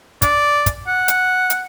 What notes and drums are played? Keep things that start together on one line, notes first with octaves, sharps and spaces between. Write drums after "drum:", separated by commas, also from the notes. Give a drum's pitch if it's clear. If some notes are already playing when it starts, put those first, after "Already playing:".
D5, drum: kick, hi-hat
drum: kick, hi-hat
F#5
drum: hi-hat
drum: hi-hat